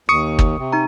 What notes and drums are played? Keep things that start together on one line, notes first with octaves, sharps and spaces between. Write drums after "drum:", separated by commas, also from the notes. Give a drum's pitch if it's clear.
D#2 C#6 D#6 C#7
drum: kick
C3
D#4 A#5